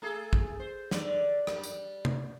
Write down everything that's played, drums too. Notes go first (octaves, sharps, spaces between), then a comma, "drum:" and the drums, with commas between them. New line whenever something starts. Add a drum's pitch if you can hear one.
A3 G#4 A4
drum: kick
C5
D3 D5, drum: snare
G3, drum: rim click
drum: tambourine
drum: tom C3